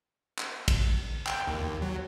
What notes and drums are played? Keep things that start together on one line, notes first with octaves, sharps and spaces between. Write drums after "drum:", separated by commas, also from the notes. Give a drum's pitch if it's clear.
drum: clap
drum: kick, cymbal
G5, drum: clap
D#2
F#3